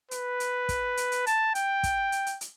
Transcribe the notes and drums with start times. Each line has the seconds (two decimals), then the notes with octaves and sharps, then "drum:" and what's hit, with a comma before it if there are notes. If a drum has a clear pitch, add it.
0.11 B4, drum: hi-hat
0.40 drum: hi-hat
0.69 drum: kick, hi-hat
0.97 drum: hi-hat
1.12 drum: hi-hat
1.27 A5, drum: hi-hat
1.55 G5, drum: hi-hat
1.83 drum: kick, hi-hat
2.12 drum: hi-hat
2.26 drum: hi-hat
2.41 drum: hi-hat